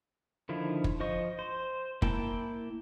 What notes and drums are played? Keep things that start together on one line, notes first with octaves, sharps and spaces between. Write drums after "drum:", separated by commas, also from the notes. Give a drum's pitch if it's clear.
D3 D#3 F3 E4
drum: kick
F3 C5 D#5 C#6
C5
A#3 E4 G5 A5, drum: kick